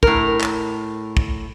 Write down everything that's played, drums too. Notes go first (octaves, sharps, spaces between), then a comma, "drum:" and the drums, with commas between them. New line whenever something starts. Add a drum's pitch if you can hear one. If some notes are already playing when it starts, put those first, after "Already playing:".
A2 A#4, drum: kick
drum: clap
drum: kick